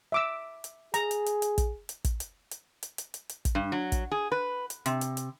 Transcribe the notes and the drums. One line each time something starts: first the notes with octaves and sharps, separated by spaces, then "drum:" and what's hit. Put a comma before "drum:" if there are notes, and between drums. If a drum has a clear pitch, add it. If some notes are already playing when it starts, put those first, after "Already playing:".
E5 D6 E6
drum: hi-hat
G#4 A#5, drum: hi-hat
drum: hi-hat
drum: hi-hat
drum: hi-hat
drum: kick, hi-hat
drum: hi-hat
drum: kick, hi-hat
drum: hi-hat
drum: hi-hat
drum: hi-hat
drum: hi-hat
drum: hi-hat
drum: hi-hat
drum: kick, hi-hat
G2
F#3
drum: kick, hi-hat
G#4
B4
drum: hi-hat
C3, drum: hi-hat
drum: hi-hat
drum: hi-hat